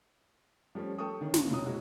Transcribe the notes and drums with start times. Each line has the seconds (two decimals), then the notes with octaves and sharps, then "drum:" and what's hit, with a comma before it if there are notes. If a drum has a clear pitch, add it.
0.75 F3 G3 A3 C#4
0.98 A4 G5 A5 C#6 D#6
1.21 D3 D#3 C#4
1.34 G#1, drum: snare
1.50 F1 B2 F#3 D#6
1.66 G#3 E4 F#4